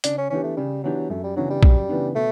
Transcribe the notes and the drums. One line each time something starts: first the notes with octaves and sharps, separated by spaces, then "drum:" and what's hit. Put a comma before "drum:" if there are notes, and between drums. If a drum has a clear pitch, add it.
C#3 D4, drum: hi-hat
C#4
E3 B3 C#4 D4 G4
A3
C#3 G3
E3 F#3 B3 D4 G4
F#2 A3
G3
C#3 E3 F#3 B3 D4
G3
F#2, drum: kick A#1
C#3 E3 B3 D4
B2 A3